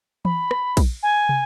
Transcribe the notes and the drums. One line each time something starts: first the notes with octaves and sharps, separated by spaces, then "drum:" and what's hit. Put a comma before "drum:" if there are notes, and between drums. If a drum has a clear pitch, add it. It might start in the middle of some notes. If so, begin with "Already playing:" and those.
B5, drum: tom E3
drum: rim click
drum: kick, cymbal
G#5
drum: tom